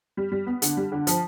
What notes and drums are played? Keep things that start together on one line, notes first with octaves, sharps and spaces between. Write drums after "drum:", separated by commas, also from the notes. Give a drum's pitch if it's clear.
G3
G3
B3
D3, drum: hi-hat
G3
D3
F3, drum: hi-hat